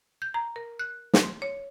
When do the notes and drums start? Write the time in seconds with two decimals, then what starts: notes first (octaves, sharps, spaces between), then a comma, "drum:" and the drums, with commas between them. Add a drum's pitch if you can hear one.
0.22 G6
0.34 A#5
0.56 A#4
0.79 F#6
1.13 drum: snare
1.23 C6
1.42 C#5